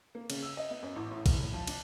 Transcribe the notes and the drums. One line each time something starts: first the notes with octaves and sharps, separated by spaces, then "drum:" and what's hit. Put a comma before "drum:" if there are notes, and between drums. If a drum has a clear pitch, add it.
A#3
C#3, drum: cymbal
E6
D#5
B3
F#2
A1
A2
F#1, drum: kick, cymbal
A2
F3
D4, drum: cymbal